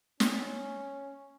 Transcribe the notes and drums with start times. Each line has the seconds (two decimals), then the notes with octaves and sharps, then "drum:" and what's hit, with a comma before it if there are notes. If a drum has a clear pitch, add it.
0.20 C#4, drum: snare